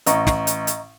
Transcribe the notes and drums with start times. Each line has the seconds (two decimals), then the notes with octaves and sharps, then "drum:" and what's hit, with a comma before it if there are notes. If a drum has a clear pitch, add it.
0.06 A1 D#5 A#5 C#6, drum: hi-hat
0.27 drum: snare
0.47 drum: hi-hat
0.67 drum: hi-hat